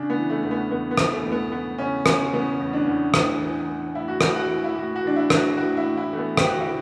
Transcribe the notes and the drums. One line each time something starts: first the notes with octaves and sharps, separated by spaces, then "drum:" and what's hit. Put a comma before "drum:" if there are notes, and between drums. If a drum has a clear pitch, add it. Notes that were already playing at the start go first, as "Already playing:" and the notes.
Already playing: C#3 D4
B3
E3
A3
E2 A3
B3
E2 B3
B3
E3, drum: rim click
A3
E2
B3
E3 B3
C#3 C#4
C#3 C#4, drum: rim click
C#3 B3
E2
D4
E2
A2, drum: rim click
E3
E3
A2 E4
F#4
A2 E4, drum: rim click
F#4
E3
E4
A2 F#4
F#4
E3 D4
E4
A2, drum: rim click
F#4
A2 F#4
E4
A2
E4
E3 A3
B3
D3 G4, drum: rim click
F#4
E4
D3